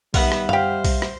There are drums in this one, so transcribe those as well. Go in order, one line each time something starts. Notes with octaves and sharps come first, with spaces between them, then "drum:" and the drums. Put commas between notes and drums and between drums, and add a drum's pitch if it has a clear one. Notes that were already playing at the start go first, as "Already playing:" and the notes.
D#3 G3 B3 E5 F#5 F6, drum: kick B1, open hi-hat
drum: rim click
G4 C5 F5, drum: tom F#2
drum: kick B1, open hi-hat
drum: rim click